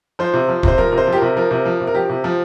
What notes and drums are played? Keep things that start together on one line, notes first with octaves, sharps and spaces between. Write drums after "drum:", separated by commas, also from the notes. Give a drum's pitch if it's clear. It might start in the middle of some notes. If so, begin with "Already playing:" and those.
F3 C5
C3
F3
C3 C5, drum: kick D#1
F3 A#4
C3 A#4
C5
F3
G4
A#4
C3
F3 A#4
C3
F3
C3
A#4
F3 G4
C3
F3